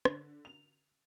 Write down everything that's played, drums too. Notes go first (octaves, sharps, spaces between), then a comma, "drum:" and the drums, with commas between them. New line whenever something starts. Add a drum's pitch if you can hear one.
D3, drum: rim click
F7